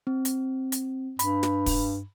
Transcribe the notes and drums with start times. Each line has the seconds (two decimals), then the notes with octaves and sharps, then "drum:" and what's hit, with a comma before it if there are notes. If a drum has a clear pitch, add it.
0.07 C4
0.25 drum: hi-hat
0.72 drum: hi-hat
1.19 G2 B5, drum: hi-hat
1.43 drum: snare
1.66 drum: kick, open hi-hat